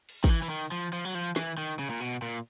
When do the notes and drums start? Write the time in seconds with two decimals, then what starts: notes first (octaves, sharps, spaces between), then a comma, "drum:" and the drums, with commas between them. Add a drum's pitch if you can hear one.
0.09 drum: cymbal
0.24 D#3, drum: kick
0.29 E3
0.42 E3
0.50 D#3
0.72 F3
0.93 F3
1.05 F#3
1.15 F3
1.36 E3, drum: snare
1.58 D#3
1.79 C#3
1.90 A#2
2.00 B2
2.22 A#2